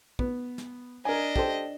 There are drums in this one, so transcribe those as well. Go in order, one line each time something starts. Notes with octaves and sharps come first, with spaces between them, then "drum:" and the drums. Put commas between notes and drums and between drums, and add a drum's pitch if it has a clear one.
B3, drum: kick
drum: snare
D4 A#4 D#5 G#5
G4 A4 C5, drum: kick